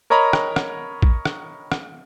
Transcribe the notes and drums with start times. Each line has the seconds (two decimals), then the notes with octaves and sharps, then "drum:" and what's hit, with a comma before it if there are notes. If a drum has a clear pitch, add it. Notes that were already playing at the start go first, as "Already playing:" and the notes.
0.10 A#4 C#5 D#5 A#5 B5
0.33 drum: rim click
0.56 drum: rim click
1.02 drum: kick
1.25 drum: rim click
1.72 drum: rim click